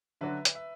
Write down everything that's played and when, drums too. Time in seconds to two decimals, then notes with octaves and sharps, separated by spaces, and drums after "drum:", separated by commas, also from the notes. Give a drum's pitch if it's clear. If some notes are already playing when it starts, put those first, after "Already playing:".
0.21 D3 F#3 D4 F#4 B4 E5
0.45 drum: hi-hat
0.55 E5